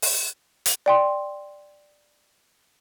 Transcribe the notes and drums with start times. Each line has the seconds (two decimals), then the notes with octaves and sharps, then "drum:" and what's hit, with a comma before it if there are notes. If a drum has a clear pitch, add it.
0.02 drum: open hi-hat
0.66 drum: hi-hat
0.86 D5 G5 C6